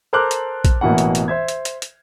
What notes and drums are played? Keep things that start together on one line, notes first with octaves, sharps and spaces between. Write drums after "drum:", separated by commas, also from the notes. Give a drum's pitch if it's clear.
A4 A#4 C5 D6 F6 F#6
drum: hi-hat
drum: kick A#1, hi-hat
A1 B2 E3 A#3 F#5
drum: hi-hat
drum: hi-hat
C5 E5 G#6
drum: hi-hat
drum: hi-hat
drum: hi-hat